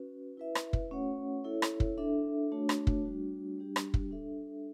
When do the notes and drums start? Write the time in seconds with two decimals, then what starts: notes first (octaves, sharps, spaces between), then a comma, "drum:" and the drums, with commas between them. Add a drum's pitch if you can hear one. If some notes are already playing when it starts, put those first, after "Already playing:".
Already playing: C#4 F#4 B4
0.37 E4 B4 E5
0.55 drum: rim click
0.73 drum: kick
0.91 A3 C#4 F#4 C#5 F#5
1.44 E4 A4 C#5 E5
1.62 drum: rim click
1.80 drum: kick
1.98 D4 A4 E5
2.52 A3 D4 F#4 C#5
2.69 drum: rim click
2.87 drum: kick
3.05 G3 D4 F#4
3.58 G3 D4 G4
3.76 drum: rim click
3.94 drum: kick
4.11 D4 A4 E5